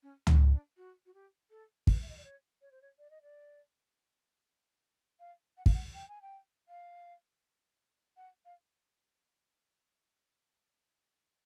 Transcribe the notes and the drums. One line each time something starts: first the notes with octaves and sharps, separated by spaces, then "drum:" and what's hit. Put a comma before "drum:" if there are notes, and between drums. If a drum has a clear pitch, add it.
C#4
C#4, drum: tom C#2
D4
F#4
F#4
G4
A4
B4, drum: kick
E5
D#5
D5
C#5
C#5
C5
C#5
D5
D#5
D5
F5
F#5
F5, drum: kick
F#5
G5
G#5
G5
F5
F#5
F5